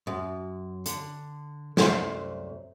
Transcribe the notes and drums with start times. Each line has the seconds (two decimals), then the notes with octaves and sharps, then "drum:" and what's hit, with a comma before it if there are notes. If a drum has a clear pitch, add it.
0.07 F#2
0.86 D3, drum: hi-hat
1.77 C2 F#2 A3 C5, drum: snare